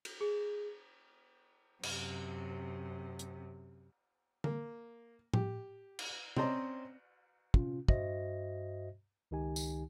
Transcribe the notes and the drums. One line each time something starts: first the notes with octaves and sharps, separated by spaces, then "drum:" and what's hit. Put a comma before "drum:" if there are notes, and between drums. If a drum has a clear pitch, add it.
drum: cymbal
G#4
F#2 C3, drum: cymbal
drum: hi-hat
A#3, drum: tom D3
G4, drum: tom A2
drum: cymbal
C4 C#4 C5 D5 D#5 A#5, drum: tom C3
C3 C#4 F4, drum: kick
G2 F#4 C5 D#5 E5 A#6, drum: kick
C#2 D#3 D#4 G4 G#5
drum: tambourine